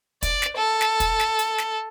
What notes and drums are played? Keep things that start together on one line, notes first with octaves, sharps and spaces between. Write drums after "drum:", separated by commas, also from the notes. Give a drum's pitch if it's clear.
D5, drum: kick, hi-hat
drum: snare
A4
drum: snare
drum: kick, hi-hat
drum: snare
drum: hi-hat
drum: snare